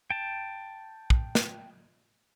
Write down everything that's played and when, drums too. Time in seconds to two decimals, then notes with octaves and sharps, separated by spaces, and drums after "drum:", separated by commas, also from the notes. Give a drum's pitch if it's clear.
0.10 G5 A5
1.10 drum: kick
1.35 drum: snare